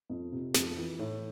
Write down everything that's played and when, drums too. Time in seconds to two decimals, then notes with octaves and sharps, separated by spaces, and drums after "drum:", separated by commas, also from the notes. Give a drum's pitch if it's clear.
0.10 F2
0.32 C3
0.54 F2, drum: snare
0.77 E3
0.99 A2